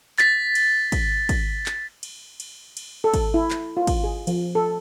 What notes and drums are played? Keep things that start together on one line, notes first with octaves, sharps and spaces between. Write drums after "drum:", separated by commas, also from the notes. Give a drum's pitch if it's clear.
A6 B6, drum: clap
drum: cymbal
drum: kick, cymbal
drum: kick, cymbal
drum: clap
drum: cymbal
drum: cymbal
drum: cymbal
A4
drum: kick, cymbal
E4
drum: clap
F4
drum: kick, cymbal
G#4
F3, drum: cymbal
A4